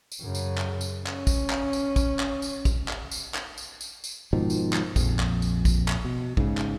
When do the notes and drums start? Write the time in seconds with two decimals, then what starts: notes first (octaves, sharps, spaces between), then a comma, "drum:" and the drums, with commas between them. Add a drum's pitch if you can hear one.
0.12 drum: tambourine
0.21 F#2 C#3
0.35 drum: tambourine
0.58 drum: clap
0.81 drum: tambourine
1.07 C#4, drum: clap
1.27 drum: kick, tambourine
1.50 drum: clap
1.73 drum: tambourine
1.96 drum: kick, tambourine
2.19 drum: clap
2.42 drum: tambourine
2.65 drum: kick, tambourine
2.88 drum: clap
3.11 drum: tambourine
3.35 drum: clap
3.58 drum: tambourine
3.81 drum: tambourine
4.04 drum: tambourine
4.33 G#2 B2 D#3 F3
4.50 drum: tambourine
4.73 drum: clap
4.96 A#1 F2, drum: kick, tambourine
5.19 drum: clap
5.42 drum: tambourine
5.65 drum: kick, tambourine
5.88 drum: clap
6.05 B2
6.37 G#2 C#3, drum: kick
6.57 drum: clap